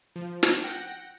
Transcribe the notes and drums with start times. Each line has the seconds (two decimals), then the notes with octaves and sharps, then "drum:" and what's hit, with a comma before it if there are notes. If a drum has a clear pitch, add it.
0.16 F3
0.43 drum: snare
0.63 F#5 G5 A#6